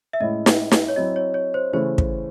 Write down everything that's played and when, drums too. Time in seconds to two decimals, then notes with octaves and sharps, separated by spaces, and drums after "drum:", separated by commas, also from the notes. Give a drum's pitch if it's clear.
0.13 E5
0.21 A2 G#3 C#4 E4 D#5
0.46 drum: snare
0.71 drum: snare
0.88 C#5
0.96 F#3 C4 E4 D#5
1.16 C#5
1.34 C#5
1.54 C5
1.73 C#3 E3 A3 C#4 C5
1.98 drum: kick